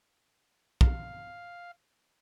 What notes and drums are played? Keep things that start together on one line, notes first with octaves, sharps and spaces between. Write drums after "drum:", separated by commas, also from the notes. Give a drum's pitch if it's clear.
F5, drum: kick